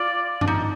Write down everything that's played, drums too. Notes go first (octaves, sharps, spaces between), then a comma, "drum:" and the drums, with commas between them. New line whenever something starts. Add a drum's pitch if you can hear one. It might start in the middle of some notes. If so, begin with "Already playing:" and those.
Already playing: F4 D5
D4, drum: tom G2
D#4